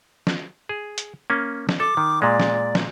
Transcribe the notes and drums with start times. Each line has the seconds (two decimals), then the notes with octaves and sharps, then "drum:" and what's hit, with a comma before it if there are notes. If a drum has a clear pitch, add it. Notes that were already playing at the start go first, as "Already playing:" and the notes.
0.27 drum: snare
0.69 G#4
0.98 drum: hi-hat
1.30 A#3 C#4
1.69 drum: snare
1.80 A4 D6
1.97 D#3
2.22 A#2 G#3 D5
2.40 drum: snare
2.75 drum: snare